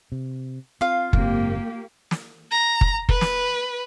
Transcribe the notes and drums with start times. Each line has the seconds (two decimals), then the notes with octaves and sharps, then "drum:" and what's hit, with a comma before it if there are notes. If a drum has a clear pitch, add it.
0.12 C3
0.81 C4 F4 F5
1.13 F#1 G#2 A#3 C4 G4, drum: kick F#1
2.11 drum: snare
2.51 A#5
2.81 drum: kick F#1
3.09 B4, drum: kick F#1
3.21 drum: snare